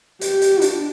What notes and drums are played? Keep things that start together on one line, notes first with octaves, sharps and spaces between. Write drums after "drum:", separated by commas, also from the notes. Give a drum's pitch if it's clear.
G4, drum: hi-hat
drum: hi-hat
D4, drum: hi-hat